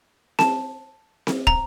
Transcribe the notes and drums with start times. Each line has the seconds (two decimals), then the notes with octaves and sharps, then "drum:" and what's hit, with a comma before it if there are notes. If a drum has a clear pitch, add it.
0.39 A5, drum: snare C4
1.27 drum: snare C4
1.47 A#5, drum: kick